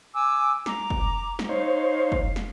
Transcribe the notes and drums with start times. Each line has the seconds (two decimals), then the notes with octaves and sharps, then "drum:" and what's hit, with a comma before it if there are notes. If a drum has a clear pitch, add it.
0.15 G#5 D6 E6
0.66 A#5 D6, drum: snare
0.90 drum: kick
1.39 drum: snare
1.49 D#4 C5 C#5 F5
2.12 drum: kick
2.36 drum: snare